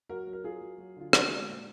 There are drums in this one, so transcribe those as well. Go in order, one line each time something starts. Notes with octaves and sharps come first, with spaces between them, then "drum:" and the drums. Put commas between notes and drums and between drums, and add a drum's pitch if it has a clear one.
F#3 F#4 A#4
F#3
A#4
F#3 F4 G#4
F#3
F#3
D3 F4
D3 F#4, drum: rim click
G#3
A#2